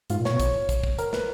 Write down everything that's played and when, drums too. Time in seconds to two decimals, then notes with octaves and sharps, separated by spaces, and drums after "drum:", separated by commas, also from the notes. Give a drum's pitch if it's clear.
0.10 G#2 F4, drum: hi-hat
0.20 A#2
0.25 B2 C#5, drum: snare
0.40 drum: kick, hi-hat
0.69 drum: kick, hi-hat
0.84 drum: kick
0.98 A#4, drum: hi-hat
1.13 B4, drum: snare